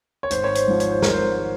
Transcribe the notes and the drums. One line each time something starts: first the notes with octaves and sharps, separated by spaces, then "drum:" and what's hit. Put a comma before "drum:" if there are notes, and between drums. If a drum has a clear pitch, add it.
C#5
G#1 C5, drum: hi-hat
C#5
C5, drum: hi-hat
G#2 F3
C#5, drum: hi-hat
C5
G#1 A#4, drum: snare
C5